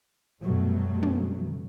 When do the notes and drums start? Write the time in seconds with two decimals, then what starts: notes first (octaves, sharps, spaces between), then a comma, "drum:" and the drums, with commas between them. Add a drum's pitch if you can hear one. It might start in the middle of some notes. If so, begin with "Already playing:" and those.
0.42 F#2 B2 F#3 G3 A3
1.02 drum: tom